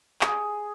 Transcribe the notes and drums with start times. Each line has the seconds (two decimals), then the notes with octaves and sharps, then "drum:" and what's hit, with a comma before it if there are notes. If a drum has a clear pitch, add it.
0.21 G#4, drum: clap